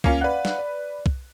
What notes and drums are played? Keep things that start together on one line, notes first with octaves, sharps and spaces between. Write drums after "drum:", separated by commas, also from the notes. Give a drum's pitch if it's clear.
C#2 A#3 C#4 F4, drum: kick
B4 D5 F5 F#5 F#6
drum: snare
D5
drum: kick